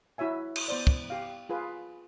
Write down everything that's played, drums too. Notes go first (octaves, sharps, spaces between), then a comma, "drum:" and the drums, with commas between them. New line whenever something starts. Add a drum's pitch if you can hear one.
E4 F#4 C#5 E5 G#5
drum: cymbal
B3 C5 D5
drum: kick
G4 F5
F4 G#4 B4